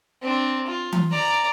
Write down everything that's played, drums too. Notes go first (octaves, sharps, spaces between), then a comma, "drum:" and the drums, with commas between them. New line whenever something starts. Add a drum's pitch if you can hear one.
C4 D4
F4
drum: tom E3
D5 A#5